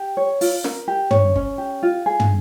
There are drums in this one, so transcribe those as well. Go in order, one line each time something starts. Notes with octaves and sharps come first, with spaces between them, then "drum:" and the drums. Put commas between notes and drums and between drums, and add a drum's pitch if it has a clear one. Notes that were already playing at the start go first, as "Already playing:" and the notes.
Already playing: G4
C#5
F4, drum: open hi-hat
A#4, drum: snare
G4
C#5, drum: tom
C#4, drum: kick G1
G4
F4
G#4
drum: tom